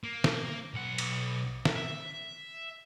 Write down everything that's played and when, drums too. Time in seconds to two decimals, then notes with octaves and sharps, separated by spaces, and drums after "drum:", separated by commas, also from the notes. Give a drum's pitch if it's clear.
0.04 A#3
0.24 drum: snare
0.74 B1 F#5
0.98 drum: cymbal
1.65 drum: snare
1.76 E5